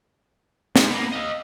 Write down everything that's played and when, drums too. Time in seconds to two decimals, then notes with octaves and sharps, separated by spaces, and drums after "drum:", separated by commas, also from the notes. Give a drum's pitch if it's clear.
0.76 G#2, drum: snare
0.89 A#3 B3
1.12 D#5 F5